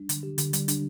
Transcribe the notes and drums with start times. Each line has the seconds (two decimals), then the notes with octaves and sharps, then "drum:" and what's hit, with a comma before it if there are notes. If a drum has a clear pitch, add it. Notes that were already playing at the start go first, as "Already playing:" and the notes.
Already playing: G3 D4
0.09 D3, drum: hi-hat
0.23 G4
0.38 D3, drum: hi-hat
0.53 G3, drum: hi-hat
0.68 D4, drum: hi-hat